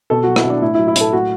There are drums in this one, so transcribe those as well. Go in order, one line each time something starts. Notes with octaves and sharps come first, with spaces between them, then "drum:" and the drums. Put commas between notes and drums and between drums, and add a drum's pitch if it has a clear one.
B2 A4
F#3 F#4
E4, drum: rim click
B2 D4
A2 E4
F#3 E4
E4
A2 A4, drum: hi-hat
A2 F#4